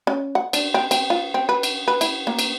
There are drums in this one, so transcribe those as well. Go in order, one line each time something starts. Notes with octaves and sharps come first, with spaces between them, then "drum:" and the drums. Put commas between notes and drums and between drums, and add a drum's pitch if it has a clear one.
C#4
F#5
D4, drum: cymbal
C4
C4, drum: cymbal
F4
C4
B4
drum: cymbal
B4
E4, drum: cymbal
A#3
drum: cymbal